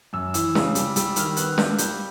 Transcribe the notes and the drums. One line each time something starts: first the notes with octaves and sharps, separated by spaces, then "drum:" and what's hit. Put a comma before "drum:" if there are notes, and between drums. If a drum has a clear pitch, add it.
F#2 E6
E3 E6, drum: hi-hat
C#3, drum: snare
G3, drum: hi-hat
G3 E6, drum: hi-hat
D#3 F6, drum: hi-hat
B3 F#6, drum: hi-hat
A#3 G6, drum: snare
G3 G6, drum: hi-hat